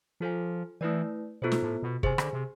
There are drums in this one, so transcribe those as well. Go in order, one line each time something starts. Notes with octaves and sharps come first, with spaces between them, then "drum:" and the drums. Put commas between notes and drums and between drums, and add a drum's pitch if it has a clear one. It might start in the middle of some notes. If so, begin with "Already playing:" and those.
F3 F4 A4 C5 G#5
E3 A3 E4 B4 D5
B2 B3 F4 A4 C5
drum: snare
A2
B2
C3 G#4 C5 G#5, drum: kick
D3, drum: rim click
C3